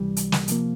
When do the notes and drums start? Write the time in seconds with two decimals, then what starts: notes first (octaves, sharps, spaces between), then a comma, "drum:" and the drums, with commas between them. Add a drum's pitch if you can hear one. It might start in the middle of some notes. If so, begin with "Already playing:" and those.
Already playing: C#2 C3 E3 G3
0.17 drum: hi-hat
0.32 drum: snare
0.48 C3 F3 A#3, drum: hi-hat